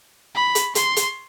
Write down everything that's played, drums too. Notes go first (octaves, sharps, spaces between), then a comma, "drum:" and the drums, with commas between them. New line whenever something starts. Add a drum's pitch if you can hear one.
B5
drum: hi-hat
C6, drum: hi-hat
drum: hi-hat